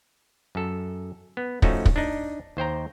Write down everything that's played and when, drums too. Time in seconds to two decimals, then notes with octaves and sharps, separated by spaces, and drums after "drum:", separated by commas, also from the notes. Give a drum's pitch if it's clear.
0.55 F#2 A4
1.37 B3
1.62 F3 A3 C#4 D#4 F#4, drum: kick
1.86 drum: kick
1.96 D4 D#4
2.57 D#2 C5 G5 A#5